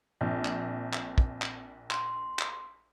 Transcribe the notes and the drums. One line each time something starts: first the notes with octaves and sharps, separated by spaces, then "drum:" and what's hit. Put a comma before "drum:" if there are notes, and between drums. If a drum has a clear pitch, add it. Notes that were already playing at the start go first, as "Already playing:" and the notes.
A#1 C4 A5 G6
drum: clap
drum: clap
drum: kick
drum: clap
C6, drum: clap
drum: clap